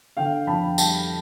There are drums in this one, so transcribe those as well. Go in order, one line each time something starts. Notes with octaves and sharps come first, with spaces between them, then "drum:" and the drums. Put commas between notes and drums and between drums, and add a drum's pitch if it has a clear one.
D3 F5 G5
F2 A5 B5
G3 G5 A5, drum: tambourine